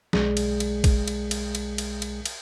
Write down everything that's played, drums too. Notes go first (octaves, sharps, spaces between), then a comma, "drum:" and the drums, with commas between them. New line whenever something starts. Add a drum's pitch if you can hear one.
B1 G#3 G#4 D5, drum: snare
drum: cymbal
drum: cymbal
drum: kick, cymbal
drum: cymbal
drum: cymbal
drum: cymbal
drum: cymbal
drum: cymbal
drum: cymbal